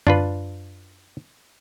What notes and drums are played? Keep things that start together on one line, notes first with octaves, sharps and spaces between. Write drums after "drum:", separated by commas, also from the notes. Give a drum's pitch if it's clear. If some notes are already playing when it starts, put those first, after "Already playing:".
D4 F4 B4, drum: tom F#2